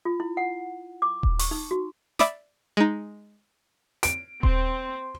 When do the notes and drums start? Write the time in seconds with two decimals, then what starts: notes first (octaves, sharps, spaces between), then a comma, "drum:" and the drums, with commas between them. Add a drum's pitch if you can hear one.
0.05 F4
0.20 E4
0.37 F#5
1.02 D6
1.23 drum: kick D#1
1.39 C#6, drum: open hi-hat
1.51 D#4
1.71 F#4
2.19 D5 E5 B5 D6 D#6, drum: snare
2.77 G#3 D#4
4.03 D7, drum: hi-hat
4.43 C4 C6, drum: kick D#1